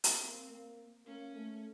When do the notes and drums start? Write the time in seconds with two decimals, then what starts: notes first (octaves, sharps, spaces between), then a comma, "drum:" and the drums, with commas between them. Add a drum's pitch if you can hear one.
0.04 drum: hi-hat
0.21 A#3 C4
0.50 A#3
1.06 A#3 C#4
1.35 A3